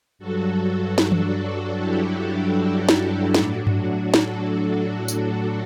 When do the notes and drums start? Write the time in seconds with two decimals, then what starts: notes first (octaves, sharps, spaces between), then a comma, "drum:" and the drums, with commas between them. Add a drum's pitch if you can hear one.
0.19 G2 F#3 F#4 A4
0.98 D4 F#4, drum: snare
1.12 drum: tom E3
1.78 E4 G4
2.56 E4 G4
2.89 drum: snare
3.34 A2 F#3 D4 F#4, drum: snare
3.67 drum: tom G2
4.14 F#4 A4, drum: snare
5.08 drum: tambourine